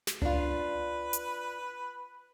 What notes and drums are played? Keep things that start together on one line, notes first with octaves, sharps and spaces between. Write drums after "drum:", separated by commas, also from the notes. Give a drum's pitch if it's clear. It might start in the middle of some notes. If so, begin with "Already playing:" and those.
drum: snare
D4 F4 B4, drum: tom C#2
drum: hi-hat